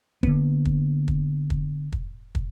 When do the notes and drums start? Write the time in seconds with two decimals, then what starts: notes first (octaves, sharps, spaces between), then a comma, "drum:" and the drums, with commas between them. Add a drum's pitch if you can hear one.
0.23 D3 A#3 B3, drum: kick
0.65 drum: kick
1.08 drum: kick
1.50 drum: kick
1.92 drum: kick
2.35 drum: kick